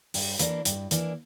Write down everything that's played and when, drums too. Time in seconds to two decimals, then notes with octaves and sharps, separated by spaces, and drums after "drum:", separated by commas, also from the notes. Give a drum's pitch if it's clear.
0.14 G2, drum: open hi-hat
0.39 E3 A#3 D4, drum: hi-hat
0.65 G2, drum: hi-hat
0.91 E3 A#3 D4, drum: hi-hat